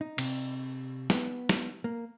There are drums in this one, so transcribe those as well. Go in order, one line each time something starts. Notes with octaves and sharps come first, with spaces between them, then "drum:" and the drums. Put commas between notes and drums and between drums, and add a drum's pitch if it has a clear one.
D#4
C3, drum: cymbal
B3, drum: snare
drum: snare
A#3